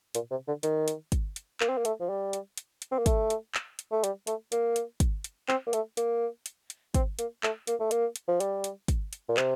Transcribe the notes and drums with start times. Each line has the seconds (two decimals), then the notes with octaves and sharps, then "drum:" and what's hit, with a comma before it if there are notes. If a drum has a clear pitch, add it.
0.15 A#2, drum: hi-hat
0.31 C3
0.47 D3
0.63 D#3, drum: hi-hat
0.88 drum: hi-hat
1.12 drum: kick, hi-hat
1.36 drum: hi-hat
1.60 A#3, drum: clap
1.69 C4
1.77 A#3
1.85 A3, drum: hi-hat
2.00 F3
2.09 G3
2.33 drum: hi-hat
2.57 drum: hi-hat
2.82 drum: hi-hat
2.92 C4
2.98 A#3
3.06 A3, drum: kick, hi-hat
3.30 drum: hi-hat
3.55 drum: clap
3.79 drum: hi-hat
3.92 A3
4.04 G3, drum: hi-hat
4.27 A3, drum: hi-hat
4.52 A#3, drum: hi-hat
4.76 drum: hi-hat
5.00 drum: kick, hi-hat
5.24 drum: hi-hat
5.48 C4, drum: clap
5.67 A#3
5.73 A3, drum: hi-hat
5.97 A#3, drum: hi-hat
6.46 drum: hi-hat
6.70 drum: hi-hat
6.94 C4, drum: kick, hi-hat
7.19 A#3, drum: hi-hat
7.43 A3, drum: clap
7.67 A#3, drum: hi-hat
7.80 A3
7.91 A#3, drum: hi-hat
8.16 drum: hi-hat
8.28 F3
8.40 G3, drum: hi-hat
8.64 drum: hi-hat
8.88 drum: kick, hi-hat
9.13 drum: hi-hat
9.29 A#2
9.37 C3, drum: clap